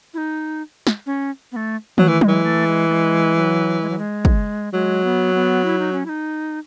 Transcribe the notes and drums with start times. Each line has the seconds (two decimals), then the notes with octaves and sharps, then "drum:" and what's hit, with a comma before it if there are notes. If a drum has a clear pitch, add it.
0.14 E4
0.18 D#4
0.87 drum: snare
1.06 C#4
1.52 B3
1.56 A3
1.98 F#3 A3 B3, drum: tom D#3
2.08 E3
2.21 G#3, drum: tom F#3
2.28 E3
2.44 A3
2.67 G#3
2.89 A3
2.93 G#3
3.36 G#3
3.39 F#3
3.82 G#3
3.90 F#3
3.98 G#3
4.25 drum: kick
4.73 F#3 G#3
5.04 B3
5.35 B3
5.65 E4
5.79 D#4
5.93 C#4
6.06 E4
6.09 D#4